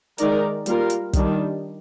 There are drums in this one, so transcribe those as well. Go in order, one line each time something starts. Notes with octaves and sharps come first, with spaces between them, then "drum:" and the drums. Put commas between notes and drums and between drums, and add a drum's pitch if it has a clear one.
D#3 G#3 D#4 A#4 D5, drum: hi-hat
G3 A#3 F4 A#4, drum: hi-hat
drum: hi-hat
D#3 G3 D4, drum: kick, hi-hat